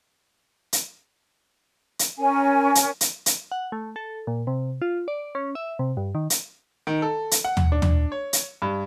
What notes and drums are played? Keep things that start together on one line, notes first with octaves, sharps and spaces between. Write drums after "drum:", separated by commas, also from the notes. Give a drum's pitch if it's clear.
drum: hi-hat
drum: hi-hat
C#4 A#4 G#5
drum: hi-hat
drum: hi-hat
drum: hi-hat
F#5
A3
A4
A#2
C3
F4
D5
C#4
E5
C3
G2
D#3
drum: hi-hat
D#3
A4
drum: hi-hat
F#5
drum: tom
D4
drum: tom
C#5
drum: hi-hat
G2